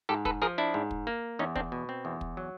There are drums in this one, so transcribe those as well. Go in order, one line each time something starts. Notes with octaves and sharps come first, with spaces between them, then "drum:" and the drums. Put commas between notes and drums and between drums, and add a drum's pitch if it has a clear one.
G#2 G4 A4
A4 B4, drum: kick
F3 G#4 A#4
D4 E4
G#2
drum: kick
A#3
E2 C#4 D#4
C4 D4, drum: kick
B2
C4
E2
drum: kick
F#3